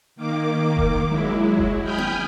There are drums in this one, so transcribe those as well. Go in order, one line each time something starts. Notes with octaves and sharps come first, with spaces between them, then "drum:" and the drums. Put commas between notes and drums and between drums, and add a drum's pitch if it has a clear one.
D#3 A#3 D6
drum: kick F1
F#3 G#3 E4
drum: kick F1
G5 G#5 B5 D#6 F6 G6
drum: tom A#3